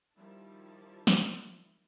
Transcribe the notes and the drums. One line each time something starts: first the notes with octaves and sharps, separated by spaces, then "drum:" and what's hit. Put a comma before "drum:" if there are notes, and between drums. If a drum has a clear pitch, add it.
D#3 F3 G3 E4 A5
drum: snare